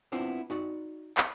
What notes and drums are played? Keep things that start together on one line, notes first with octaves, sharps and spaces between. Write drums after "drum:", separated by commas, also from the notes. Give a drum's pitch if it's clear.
B3 C4 D4 E4 F4 C5
D#4 F#4 D5
drum: clap